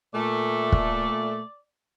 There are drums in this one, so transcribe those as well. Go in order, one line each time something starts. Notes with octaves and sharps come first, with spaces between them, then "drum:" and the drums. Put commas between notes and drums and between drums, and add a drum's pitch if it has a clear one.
A#2 A3 D5
drum: kick